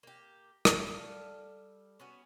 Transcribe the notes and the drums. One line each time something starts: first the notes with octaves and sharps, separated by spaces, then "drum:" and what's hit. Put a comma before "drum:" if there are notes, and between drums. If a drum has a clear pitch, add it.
A#3 G4
G3 B3 E4 B4, drum: rim click
G3 A4 C#5 F5
B3 C#4 F#4